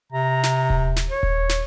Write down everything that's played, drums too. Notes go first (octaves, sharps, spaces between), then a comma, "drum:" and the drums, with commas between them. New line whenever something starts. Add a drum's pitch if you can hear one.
C3 A#5
drum: snare
drum: kick D#1
drum: snare
C#5
drum: kick D#1
drum: snare